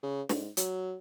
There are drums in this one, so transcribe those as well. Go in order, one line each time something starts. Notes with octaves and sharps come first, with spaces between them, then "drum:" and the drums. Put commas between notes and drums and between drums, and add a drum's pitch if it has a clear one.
C#3
G#2, drum: snare
F#3, drum: hi-hat